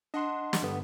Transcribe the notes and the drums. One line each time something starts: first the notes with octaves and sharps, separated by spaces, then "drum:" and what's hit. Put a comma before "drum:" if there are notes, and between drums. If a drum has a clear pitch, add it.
D4 D#5 F#5 C6
drum: snare
G2 D3 B3